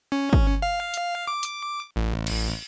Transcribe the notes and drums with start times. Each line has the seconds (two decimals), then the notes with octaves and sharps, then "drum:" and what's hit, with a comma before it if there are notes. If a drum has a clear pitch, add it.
0.12 C#4
0.33 drum: kick
0.62 F5
0.94 drum: hi-hat
1.27 D6
1.43 drum: hi-hat
1.96 A1
2.27 drum: cymbal